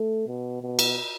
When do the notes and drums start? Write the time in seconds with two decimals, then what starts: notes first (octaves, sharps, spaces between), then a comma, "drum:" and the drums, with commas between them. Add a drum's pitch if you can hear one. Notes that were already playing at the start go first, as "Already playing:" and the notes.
Already playing: A3
0.27 B2
0.62 B2
0.79 drum: cymbal